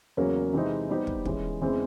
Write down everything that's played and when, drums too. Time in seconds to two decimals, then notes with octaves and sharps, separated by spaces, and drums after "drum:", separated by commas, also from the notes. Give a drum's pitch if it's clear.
0.17 E2 C#3 F#3 A#3 C#4
0.53 C3 E3 G#3 C4 D#4
0.89 G3 B3 D#4 G4 C5
1.07 drum: kick
1.25 E3 G#3 C#4, drum: kick
1.61 E2 C#3 E3 G#3 C4